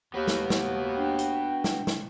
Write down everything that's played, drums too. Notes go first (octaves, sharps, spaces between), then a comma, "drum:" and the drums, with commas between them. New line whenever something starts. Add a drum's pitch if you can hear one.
D#2 B3 F#4 B4
drum: snare
drum: snare
D4 G5
drum: hi-hat
drum: snare
drum: snare